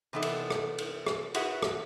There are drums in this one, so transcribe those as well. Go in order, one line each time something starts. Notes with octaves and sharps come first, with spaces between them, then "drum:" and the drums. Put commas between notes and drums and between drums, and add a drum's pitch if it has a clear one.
C3 E3 B3 D#4 A4
drum: cymbal
drum: rim click
drum: cymbal
drum: rim click
F#4 G#4 B4 E5 F#5, drum: cymbal
drum: rim click